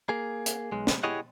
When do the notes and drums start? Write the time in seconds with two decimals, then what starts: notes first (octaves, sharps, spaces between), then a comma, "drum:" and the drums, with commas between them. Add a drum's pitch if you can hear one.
0.09 A#3 G#4
0.46 drum: hi-hat
0.72 B1 G#3
0.87 drum: snare
1.03 E4 G4 G#4 C#5 D#5 F#5